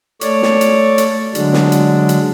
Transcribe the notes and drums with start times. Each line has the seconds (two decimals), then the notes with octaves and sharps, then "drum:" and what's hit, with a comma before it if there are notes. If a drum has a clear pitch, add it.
0.21 A3 C#5 D5, drum: hi-hat
0.42 drum: snare
0.61 drum: hi-hat
0.98 drum: hi-hat
1.35 D3 F#3 G#3 D4, drum: hi-hat
1.53 drum: snare
1.72 drum: hi-hat
2.09 drum: hi-hat